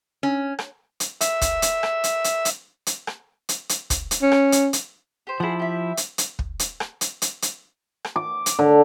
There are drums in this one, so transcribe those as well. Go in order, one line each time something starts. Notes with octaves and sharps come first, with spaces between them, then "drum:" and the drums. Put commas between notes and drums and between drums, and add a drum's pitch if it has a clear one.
C#4
drum: rim click
drum: hi-hat
E5, drum: hi-hat
drum: kick, hi-hat
drum: hi-hat
drum: rim click
drum: hi-hat
drum: hi-hat
drum: hi-hat
drum: hi-hat
drum: rim click
drum: hi-hat
drum: hi-hat
drum: kick, hi-hat
drum: hi-hat
C#4
drum: rim click
drum: hi-hat
drum: hi-hat
G4 C5
F3 E4 G#4 F#5
G4 E5
drum: hi-hat
drum: hi-hat
drum: kick
drum: hi-hat
drum: rim click
drum: hi-hat
drum: hi-hat
drum: hi-hat
drum: rim click
D6
drum: hi-hat
D3